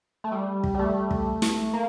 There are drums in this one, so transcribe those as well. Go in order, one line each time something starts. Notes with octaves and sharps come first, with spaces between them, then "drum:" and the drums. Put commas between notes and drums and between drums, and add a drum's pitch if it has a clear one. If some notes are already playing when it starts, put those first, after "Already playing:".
A3
G3
drum: kick
G3
A3
drum: kick
drum: snare
A#3